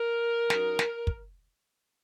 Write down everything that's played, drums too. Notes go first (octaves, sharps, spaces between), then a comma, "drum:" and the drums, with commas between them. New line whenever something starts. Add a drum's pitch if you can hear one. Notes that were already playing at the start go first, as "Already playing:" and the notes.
Already playing: A#4
F#2 F#3 D#4, drum: snare
drum: snare
drum: kick